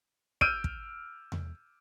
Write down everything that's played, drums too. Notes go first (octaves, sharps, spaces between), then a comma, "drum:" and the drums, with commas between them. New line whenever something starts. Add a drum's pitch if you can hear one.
E6 F6 G6 D7 D#7, drum: kick
drum: kick
drum: tom E2